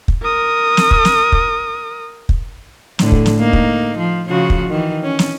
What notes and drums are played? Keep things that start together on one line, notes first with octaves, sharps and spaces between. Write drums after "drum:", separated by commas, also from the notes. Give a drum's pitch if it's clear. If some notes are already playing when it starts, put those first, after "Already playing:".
drum: kick
A#4 D#6
drum: snare
drum: kick
drum: snare
drum: kick
drum: kick
A2 D3, drum: snare
drum: kick
drum: snare
A#3 D#4
drum: kick
F3
C#3 F3 F#4
drum: kick
D#3 E3
C#4
drum: snare